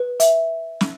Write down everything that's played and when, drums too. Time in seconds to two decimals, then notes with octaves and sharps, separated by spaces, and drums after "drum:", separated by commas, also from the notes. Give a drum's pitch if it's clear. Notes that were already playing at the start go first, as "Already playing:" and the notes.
Already playing: B4
0.20 E5, drum: hi-hat
0.81 drum: snare